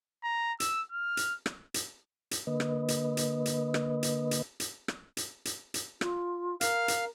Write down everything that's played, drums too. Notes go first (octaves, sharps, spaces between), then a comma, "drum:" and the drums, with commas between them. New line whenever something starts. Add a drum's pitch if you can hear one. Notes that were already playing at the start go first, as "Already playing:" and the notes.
A#5
E6, drum: hi-hat
F6
drum: hi-hat
drum: rim click
drum: hi-hat
drum: hi-hat
D3 A#3 B4 D#5
drum: rim click
drum: hi-hat
drum: hi-hat
drum: hi-hat
drum: rim click
drum: hi-hat
drum: hi-hat
drum: hi-hat
drum: rim click
drum: hi-hat
drum: hi-hat
drum: hi-hat
F4, drum: rim click
A#4 F5 F6, drum: hi-hat
drum: hi-hat